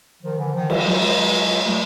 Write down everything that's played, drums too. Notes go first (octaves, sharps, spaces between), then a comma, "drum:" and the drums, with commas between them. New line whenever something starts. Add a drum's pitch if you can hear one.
D#3 F3
D3 E3
D#3 F3
F3 G3, drum: cymbal
F#3 G#3
F#3 G#3
G3 A3